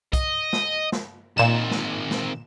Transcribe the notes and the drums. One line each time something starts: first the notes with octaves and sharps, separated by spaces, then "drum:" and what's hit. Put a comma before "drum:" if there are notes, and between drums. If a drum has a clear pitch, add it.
D#5, drum: kick B1, hi-hat
drum: snare
drum: snare
A#2 D#3 C4 E7
drum: snare
drum: snare